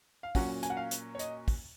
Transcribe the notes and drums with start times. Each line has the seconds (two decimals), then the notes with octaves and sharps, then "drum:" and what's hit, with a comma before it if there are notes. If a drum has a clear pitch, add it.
0.23 F5
0.35 A#2 F#3 C#4 F#5, drum: kick, open hi-hat
0.63 G#5, drum: hi-hat
0.70 F#5
0.77 F5
0.91 drum: hi-hat
1.15 C#5
1.19 D#5, drum: hi-hat
1.48 drum: kick, open hi-hat